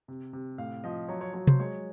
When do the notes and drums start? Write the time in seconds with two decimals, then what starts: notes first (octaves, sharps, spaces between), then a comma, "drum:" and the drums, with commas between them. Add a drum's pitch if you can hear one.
0.08 C3
0.33 C3
0.58 A2 F5
0.84 F3 D#5
1.08 F#3 C#5
1.21 C#5
1.34 F#3 C#5
1.47 C5, drum: tom C3
1.59 G#3 C#5